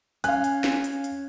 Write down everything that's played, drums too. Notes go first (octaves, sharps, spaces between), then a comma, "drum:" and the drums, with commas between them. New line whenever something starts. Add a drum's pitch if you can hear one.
C#4 F5 G#5 F#6, drum: hi-hat
drum: hi-hat
drum: snare
drum: hi-hat
drum: hi-hat